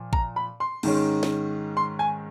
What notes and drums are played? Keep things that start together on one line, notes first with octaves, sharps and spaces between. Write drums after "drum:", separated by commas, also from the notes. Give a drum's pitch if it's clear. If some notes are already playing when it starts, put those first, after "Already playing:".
Already playing: A#2 F3
A#5, drum: kick
B5
C6
G#2 D#3 G#3 C#4, drum: cymbal
drum: snare
C6
G#5